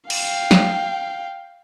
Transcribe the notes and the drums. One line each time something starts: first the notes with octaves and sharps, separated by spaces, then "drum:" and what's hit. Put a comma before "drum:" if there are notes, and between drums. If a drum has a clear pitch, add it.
F5 G5, drum: cymbal
drum: snare